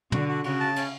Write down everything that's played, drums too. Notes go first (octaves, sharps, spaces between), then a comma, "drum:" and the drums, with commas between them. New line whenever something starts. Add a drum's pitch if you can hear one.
D3 F#4, drum: tom
F#4
C#3 F#4, drum: cymbal
A5
C#4, drum: cymbal